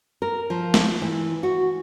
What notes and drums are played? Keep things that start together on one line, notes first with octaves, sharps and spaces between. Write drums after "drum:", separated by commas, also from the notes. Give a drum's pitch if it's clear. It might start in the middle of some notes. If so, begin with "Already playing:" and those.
A#4
F3
drum: snare
E3
F#4